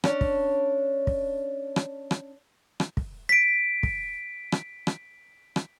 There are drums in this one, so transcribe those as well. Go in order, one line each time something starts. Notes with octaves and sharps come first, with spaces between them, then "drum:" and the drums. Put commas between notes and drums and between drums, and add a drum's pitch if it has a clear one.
C#4 D4, drum: rim click
drum: kick
drum: kick
drum: rim click
drum: rim click
drum: rim click
drum: kick
B6 D7
drum: kick
drum: rim click
drum: rim click
drum: rim click